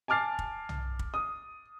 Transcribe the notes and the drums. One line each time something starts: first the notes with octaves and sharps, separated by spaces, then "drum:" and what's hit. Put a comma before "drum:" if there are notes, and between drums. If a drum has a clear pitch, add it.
G#5 A5 D6 F6 A6 C7
drum: kick
drum: tom
drum: kick
D#6